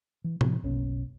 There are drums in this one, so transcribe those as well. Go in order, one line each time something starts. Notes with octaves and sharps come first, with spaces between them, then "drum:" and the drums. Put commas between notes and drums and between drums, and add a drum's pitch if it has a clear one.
E3
C3 F3, drum: tom A2
F#1 B1 B2 C#4